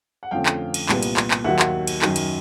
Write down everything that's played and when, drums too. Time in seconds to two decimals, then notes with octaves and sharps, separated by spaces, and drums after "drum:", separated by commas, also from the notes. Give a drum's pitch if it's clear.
0.23 F#5
0.31 F2 D3 F3 A3 C#4 F5 G5
0.46 drum: clap
0.74 drum: cymbal
0.89 C2 A#2 G3 B3, drum: clap
1.03 drum: cymbal
1.17 drum: clap
1.31 drum: clap
1.44 D#2 D#3 F#3 A#3 E5 F#5
1.59 drum: clap
1.87 drum: cymbal
2.02 F#2 D#3 F#3, drum: clap
2.16 drum: cymbal